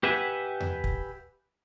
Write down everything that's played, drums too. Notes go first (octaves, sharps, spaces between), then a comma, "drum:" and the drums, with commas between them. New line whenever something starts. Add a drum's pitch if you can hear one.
G4 B4 E5 F#5 G#5
drum: tom E2
drum: kick